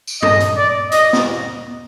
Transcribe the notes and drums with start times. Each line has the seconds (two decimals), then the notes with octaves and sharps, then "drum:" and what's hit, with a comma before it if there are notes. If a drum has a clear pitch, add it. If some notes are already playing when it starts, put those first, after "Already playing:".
0.07 drum: tambourine
0.22 D#5, drum: tom G2
0.40 drum: hi-hat
0.57 D5
0.92 D#5, drum: hi-hat
1.13 drum: snare